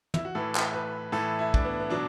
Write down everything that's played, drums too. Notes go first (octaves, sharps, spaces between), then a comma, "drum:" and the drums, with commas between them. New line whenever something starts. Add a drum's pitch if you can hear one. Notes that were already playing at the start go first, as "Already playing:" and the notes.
E4, drum: tom
F#4
A2 E3 A4
drum: clap
B4
A2 E3 A4
E4
D4, drum: kick
B3
B3
B2 F#3 D4